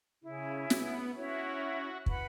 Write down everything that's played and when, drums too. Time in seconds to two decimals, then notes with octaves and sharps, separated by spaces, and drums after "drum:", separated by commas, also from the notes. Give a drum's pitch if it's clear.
0.24 C#3 E4 G#4 C#5
0.70 B3, drum: snare
1.15 C#4 E4 F#4 C#5 E5
2.06 B4 F#5 B5, drum: kick